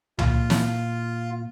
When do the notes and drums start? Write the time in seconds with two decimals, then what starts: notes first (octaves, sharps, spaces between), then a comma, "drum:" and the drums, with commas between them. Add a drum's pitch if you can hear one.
0.19 A#2 F4, drum: tom C#2
0.50 drum: snare